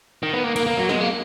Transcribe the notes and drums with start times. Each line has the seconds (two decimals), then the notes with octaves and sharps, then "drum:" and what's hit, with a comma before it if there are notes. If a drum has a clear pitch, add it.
0.23 D#3
0.33 B3
0.44 A#3
0.56 A#3, drum: cymbal
0.67 A#3
0.77 F#3
0.89 G#3, drum: snare
1.01 A#3